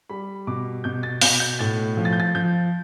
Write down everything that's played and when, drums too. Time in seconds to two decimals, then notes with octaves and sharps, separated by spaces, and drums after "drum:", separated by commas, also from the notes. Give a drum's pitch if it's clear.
0.09 G3 B5
0.47 B2 D6
0.84 B2 G6
1.03 A6
1.21 B2 G6, drum: open hi-hat
1.40 G6
1.59 A2 A6
1.97 F3
2.05 A6
2.13 G6
2.20 A6
2.35 F3 G6